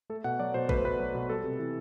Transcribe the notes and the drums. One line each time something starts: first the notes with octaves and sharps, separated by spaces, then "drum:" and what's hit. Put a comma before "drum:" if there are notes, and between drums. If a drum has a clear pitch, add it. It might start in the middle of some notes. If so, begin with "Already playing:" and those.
A3 A4
B2 F#5
F#3 D5
B2 C5
A3 B4, drum: kick A1
C5
B2 B4
F#3
B2
G3 A4
C3
E3